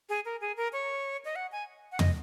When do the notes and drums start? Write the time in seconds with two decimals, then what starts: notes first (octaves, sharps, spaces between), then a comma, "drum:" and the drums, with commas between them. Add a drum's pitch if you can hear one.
0.09 G#4
0.25 A#4
0.41 G#4
0.57 A#4
0.73 C#5
1.25 D#5
1.36 F#5
1.52 G#5
1.92 F#5
1.99 D#5, drum: tom